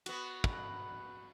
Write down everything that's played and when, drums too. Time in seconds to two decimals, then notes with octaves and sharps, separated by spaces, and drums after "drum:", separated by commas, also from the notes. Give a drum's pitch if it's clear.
0.06 B3 F#4, drum: cymbal
0.44 drum: kick